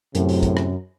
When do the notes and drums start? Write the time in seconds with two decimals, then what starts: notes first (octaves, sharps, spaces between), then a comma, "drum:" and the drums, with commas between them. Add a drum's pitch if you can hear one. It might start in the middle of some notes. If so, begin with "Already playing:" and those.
0.15 F#2 A2 C3, drum: hi-hat
0.29 drum: open hi-hat
0.43 drum: kick, hi-hat
0.57 drum: rim click